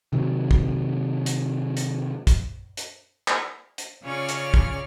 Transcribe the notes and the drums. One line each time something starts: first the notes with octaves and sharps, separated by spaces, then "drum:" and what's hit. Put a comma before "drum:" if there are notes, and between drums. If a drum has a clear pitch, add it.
C3 D#3 F#3
drum: kick
drum: hi-hat
drum: hi-hat
drum: kick, hi-hat
drum: hi-hat
drum: clap
drum: hi-hat
C#3 C#4 F4 C#5 D5 F6
drum: hi-hat
drum: kick